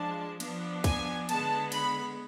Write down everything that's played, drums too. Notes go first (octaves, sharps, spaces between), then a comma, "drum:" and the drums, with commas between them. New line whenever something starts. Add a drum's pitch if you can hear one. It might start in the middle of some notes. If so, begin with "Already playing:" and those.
Already playing: F3 G#3 D4 A5
F3 B3 D4, drum: cymbal
G#5, drum: kick, cymbal
D3 G#3 B3 A5, drum: cymbal
B5, drum: cymbal